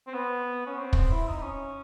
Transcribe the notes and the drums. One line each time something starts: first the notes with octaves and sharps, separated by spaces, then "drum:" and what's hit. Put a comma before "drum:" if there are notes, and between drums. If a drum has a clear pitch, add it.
C4
B3
C#4
C4
drum: kick
E4
D#4
C#4